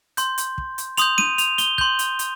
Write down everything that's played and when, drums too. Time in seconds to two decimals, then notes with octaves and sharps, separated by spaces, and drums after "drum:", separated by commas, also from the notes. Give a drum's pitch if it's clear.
0.17 C6 G6, drum: hi-hat
0.38 drum: hi-hat
0.58 drum: kick
0.78 drum: hi-hat
0.97 C6 D#6 G6 F7, drum: hi-hat
1.18 D#7, drum: snare
1.38 F7, drum: hi-hat
1.58 G7, drum: hi-hat
1.78 C6 G6, drum: kick
1.99 drum: hi-hat
2.19 drum: hi-hat